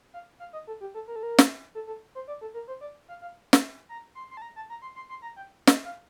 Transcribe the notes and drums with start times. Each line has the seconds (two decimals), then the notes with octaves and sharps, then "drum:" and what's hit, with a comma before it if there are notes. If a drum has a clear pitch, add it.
0.14 F5
0.40 F5
0.53 D#5
0.67 A4
0.81 G4
0.94 A4
1.08 A#4
1.16 A4
1.23 A#4
1.39 drum: snare
1.75 A4
1.87 A4
2.15 C5
2.28 D5
2.41 A4
2.54 A#4
2.68 C5
2.81 D5
3.08 F5
3.22 F5
3.53 drum: snare
3.89 A#5
4.15 C6
4.31 C6
4.37 A5
4.42 A#5
4.56 A5
4.70 A#5
4.82 C6
4.96 C6
5.09 C6
5.22 A#5
5.37 G5
5.67 D#5, drum: snare
5.85 F5